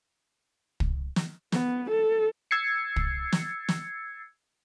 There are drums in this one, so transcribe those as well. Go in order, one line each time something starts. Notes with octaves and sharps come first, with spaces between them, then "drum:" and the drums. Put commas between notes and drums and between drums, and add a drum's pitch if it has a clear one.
drum: kick
drum: snare
B3, drum: snare
A4
E6 G#6 A6 C7 C#7
drum: kick
drum: snare
drum: snare